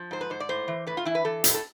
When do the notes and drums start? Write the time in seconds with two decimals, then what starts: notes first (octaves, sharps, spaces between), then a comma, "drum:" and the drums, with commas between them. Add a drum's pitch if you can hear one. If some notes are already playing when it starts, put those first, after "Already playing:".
Already playing: F3
0.11 G#2 C5
0.21 B4
0.30 G#2 C5
0.40 D5
0.49 A2 C5
0.68 E3
0.87 A2 B4
0.97 F4
1.05 E3 E4
1.15 B4
1.25 E3 A4
1.44 A2, drum: hi-hat
1.54 A4